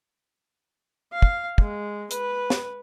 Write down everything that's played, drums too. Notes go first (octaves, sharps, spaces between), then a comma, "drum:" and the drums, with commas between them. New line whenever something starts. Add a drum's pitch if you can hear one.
F5
drum: kick
G#3, drum: kick
B4, drum: hi-hat
drum: snare